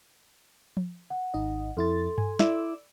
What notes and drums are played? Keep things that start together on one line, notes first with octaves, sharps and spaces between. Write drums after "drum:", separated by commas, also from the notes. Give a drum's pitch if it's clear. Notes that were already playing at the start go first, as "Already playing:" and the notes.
drum: tom F3
F#5
G#1 D#4 D#5
F2 E4 A4 C6 A6
G#5, drum: tom G2
E4 D5 D6 E6, drum: snare